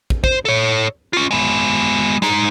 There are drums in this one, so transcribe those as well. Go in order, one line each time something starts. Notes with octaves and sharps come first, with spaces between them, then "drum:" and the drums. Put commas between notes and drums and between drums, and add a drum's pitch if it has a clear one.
drum: kick
C5, drum: kick
A4 C#5
C#4 F4
G#3 B3
G#3 D#4, drum: snare